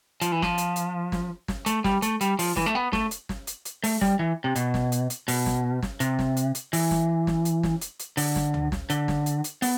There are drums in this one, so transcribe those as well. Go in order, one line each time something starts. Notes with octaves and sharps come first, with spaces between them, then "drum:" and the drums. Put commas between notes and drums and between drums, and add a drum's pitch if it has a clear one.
F3, drum: hi-hat
E3
F3, drum: snare
drum: hi-hat
drum: hi-hat
drum: snare
drum: snare
A3, drum: hi-hat
G3, drum: snare
A3, drum: hi-hat
G3, drum: hi-hat
F3, drum: open hi-hat
E3, drum: snare
A3
B3
A3, drum: snare
drum: hi-hat
drum: snare
drum: hi-hat
drum: hi-hat
A3, drum: open hi-hat
G3, drum: snare
E3
C3
B2, drum: hi-hat
drum: snare
drum: hi-hat
drum: hi-hat
B2, drum: open hi-hat
drum: snare
drum: snare
C3, drum: hi-hat
drum: snare
drum: hi-hat
drum: hi-hat
E3, drum: open hi-hat
drum: snare
drum: snare
drum: hi-hat
drum: snare
drum: hi-hat
drum: hi-hat
D3, drum: open hi-hat
drum: snare
drum: tom C#2
drum: snare
D3, drum: hi-hat
drum: snare
drum: hi-hat
drum: hi-hat
B3, drum: open hi-hat